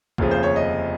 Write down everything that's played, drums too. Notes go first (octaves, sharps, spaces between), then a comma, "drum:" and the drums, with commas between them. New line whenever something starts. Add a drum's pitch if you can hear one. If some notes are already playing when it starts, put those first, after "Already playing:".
F1 D#2 C#3 F3, drum: kick
C5
C#5
D#5